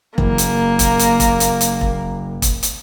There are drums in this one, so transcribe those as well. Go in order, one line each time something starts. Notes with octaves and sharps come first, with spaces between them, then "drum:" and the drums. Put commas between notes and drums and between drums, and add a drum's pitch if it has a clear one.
F#1 A#3, drum: kick E1
drum: hi-hat
drum: kick E1, hi-hat
drum: hi-hat
drum: kick E1, hi-hat
drum: hi-hat
drum: hi-hat
drum: kick E1
drum: kick E1, hi-hat
drum: hi-hat